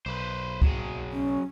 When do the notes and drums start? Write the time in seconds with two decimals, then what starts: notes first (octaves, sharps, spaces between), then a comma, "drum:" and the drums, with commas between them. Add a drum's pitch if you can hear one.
0.06 B1 B4 C5
0.62 F#3 G#4, drum: kick
1.12 C#4